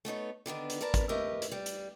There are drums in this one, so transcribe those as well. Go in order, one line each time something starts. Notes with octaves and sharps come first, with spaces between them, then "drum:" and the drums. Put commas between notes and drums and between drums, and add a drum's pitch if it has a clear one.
A3 B3 D#4 C#5
D3 D#3 B3 D4
drum: hi-hat
A#4 B4 D5 A5 A#5
drum: kick, hi-hat
A3 G4 A#4 B4 D#5
drum: hi-hat
G3
drum: hi-hat